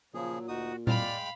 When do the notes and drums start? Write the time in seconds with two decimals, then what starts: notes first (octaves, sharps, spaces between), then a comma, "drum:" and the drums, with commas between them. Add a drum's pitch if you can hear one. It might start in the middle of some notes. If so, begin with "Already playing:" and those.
0.14 A#2 C#3 F3 F#3 G#4
0.48 D2 D#4 F#4 D#6
0.87 G#3 D5 F5 G5 B5 F6, drum: tom A#2